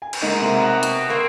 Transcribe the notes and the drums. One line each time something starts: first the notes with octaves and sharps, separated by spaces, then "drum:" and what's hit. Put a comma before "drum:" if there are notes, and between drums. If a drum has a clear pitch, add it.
G#5
drum: cymbal
G#2 A#3 D#4
C3 A#3 F#7
B3 F#4
drum: hi-hat
A#3 C4